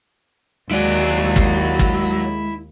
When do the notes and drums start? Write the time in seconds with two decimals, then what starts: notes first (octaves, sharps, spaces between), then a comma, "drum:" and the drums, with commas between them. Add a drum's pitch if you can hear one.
0.71 D#2 F#3 G#3 E4 D5
1.36 drum: kick
1.79 drum: kick